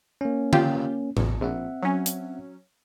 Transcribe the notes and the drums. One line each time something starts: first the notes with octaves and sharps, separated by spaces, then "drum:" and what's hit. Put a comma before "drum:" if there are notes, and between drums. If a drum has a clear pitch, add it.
A#3 C#4
F4 G4, drum: tom D3
A1 E2, drum: tom A2
A#1 C4 E5 F#5
F#3 C#4
drum: hi-hat